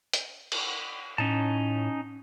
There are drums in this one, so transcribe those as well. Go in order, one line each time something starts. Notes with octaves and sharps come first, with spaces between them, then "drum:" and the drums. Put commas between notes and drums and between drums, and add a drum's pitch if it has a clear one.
drum: hi-hat
drum: cymbal
A2 C#4 D#4 A5